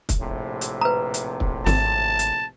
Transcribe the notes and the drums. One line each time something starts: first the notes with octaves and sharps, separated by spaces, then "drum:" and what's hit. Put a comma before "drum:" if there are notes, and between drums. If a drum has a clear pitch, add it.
drum: kick, hi-hat
A#1 A2 C3
drum: hi-hat
B4 A#5
drum: hi-hat
drum: kick
G#1 A5, drum: snare
drum: hi-hat